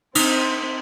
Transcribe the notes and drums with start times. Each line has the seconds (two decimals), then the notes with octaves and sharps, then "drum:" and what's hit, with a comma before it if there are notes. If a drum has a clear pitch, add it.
0.15 C4 D#4, drum: cymbal